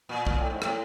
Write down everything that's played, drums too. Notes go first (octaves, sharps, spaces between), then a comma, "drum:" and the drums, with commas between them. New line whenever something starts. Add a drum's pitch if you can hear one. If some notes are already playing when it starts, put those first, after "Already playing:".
A#2
A#2, drum: kick
A2
G#2
A2, drum: rim click